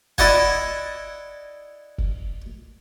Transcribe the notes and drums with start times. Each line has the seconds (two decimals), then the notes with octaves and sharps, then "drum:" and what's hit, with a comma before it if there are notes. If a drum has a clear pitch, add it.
0.18 E4 D5 D#5 F#5 G#5, drum: kick
1.98 drum: kick